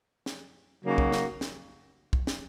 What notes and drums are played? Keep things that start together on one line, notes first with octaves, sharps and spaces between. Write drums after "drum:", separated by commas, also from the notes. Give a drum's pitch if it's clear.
drum: snare
C#3 F#3 A#3 D#4 F#4
drum: kick
drum: snare
drum: snare
drum: kick
drum: snare